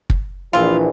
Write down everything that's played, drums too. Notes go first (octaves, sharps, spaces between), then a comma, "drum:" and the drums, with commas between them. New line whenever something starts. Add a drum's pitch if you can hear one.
drum: kick
A#1 E3 C4 F4